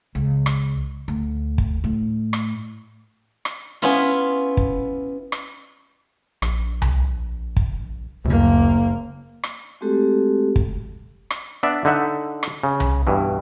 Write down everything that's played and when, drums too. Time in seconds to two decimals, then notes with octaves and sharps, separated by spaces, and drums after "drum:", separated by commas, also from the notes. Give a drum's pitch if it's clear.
0.15 C#2
0.46 drum: rim click
1.08 D2
1.58 drum: kick
1.84 A2
2.33 drum: rim click
3.45 drum: rim click
3.82 B3 C#4 E4 F4
4.57 drum: kick
5.32 drum: rim click
6.42 A#1, drum: rim click
6.82 drum: tom C2
7.56 drum: kick
8.25 F#1 D2 A#3
9.43 drum: rim click
9.81 G#3 A3 C4 F#4 G4 A4
10.56 drum: kick
11.30 drum: rim click
11.63 B3 D4 D5 E5
11.85 D3 D#4 E5 F#5
12.43 drum: rim click
12.63 C#3
12.80 drum: tom C2
13.07 G2 B2 E3